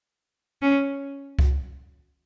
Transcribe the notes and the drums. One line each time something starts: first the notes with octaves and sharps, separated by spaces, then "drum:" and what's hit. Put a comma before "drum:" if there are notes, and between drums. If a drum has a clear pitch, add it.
C#4
drum: kick C#2